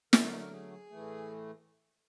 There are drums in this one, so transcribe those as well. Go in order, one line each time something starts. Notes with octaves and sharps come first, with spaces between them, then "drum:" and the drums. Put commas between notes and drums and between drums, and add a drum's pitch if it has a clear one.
D3 F#3 A3 A#4, drum: snare
A#4
A#4
G#4
A2 E3 A3